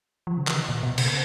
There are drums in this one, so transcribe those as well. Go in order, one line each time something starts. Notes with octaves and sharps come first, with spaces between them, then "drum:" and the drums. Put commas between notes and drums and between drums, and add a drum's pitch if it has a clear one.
F3
C#3
D#3, drum: clap
A#2
B2
C#3, drum: cymbal